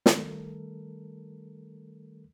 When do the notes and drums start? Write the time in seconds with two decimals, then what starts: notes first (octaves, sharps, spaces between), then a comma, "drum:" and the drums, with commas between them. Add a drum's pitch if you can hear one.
0.06 D#3 G3 A3 A4 A#4, drum: snare